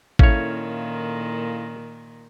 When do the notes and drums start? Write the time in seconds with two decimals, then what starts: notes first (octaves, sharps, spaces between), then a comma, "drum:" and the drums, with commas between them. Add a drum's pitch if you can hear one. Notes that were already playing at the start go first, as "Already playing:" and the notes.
0.19 A#2 D#3 C#4 E4 A4 C#5 F5, drum: kick G#1